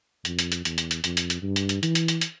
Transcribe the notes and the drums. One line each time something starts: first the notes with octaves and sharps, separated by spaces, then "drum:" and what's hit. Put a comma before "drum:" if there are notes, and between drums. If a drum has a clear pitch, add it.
F2, drum: hi-hat
drum: hi-hat
drum: hi-hat
E2, drum: hi-hat
drum: hi-hat
drum: hi-hat
F2, drum: hi-hat
drum: hi-hat
drum: hi-hat
G2
drum: hi-hat
drum: hi-hat
E3, drum: hi-hat
drum: hi-hat
drum: hi-hat
drum: hi-hat